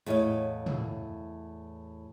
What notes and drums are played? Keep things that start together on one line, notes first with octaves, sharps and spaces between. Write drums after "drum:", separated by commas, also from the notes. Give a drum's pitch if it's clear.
E2 A2 C#5 D#5 F5
drum: tom